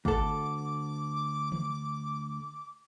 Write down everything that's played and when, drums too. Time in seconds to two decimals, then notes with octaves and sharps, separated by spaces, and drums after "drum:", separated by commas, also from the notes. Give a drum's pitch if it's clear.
0.05 D2 A4 D6, drum: kick
1.52 drum: tom D#3